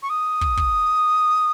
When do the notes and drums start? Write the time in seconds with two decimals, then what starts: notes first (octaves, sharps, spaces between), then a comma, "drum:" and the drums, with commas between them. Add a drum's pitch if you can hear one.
0.02 C#6
0.09 D#6
0.41 drum: kick
0.57 drum: kick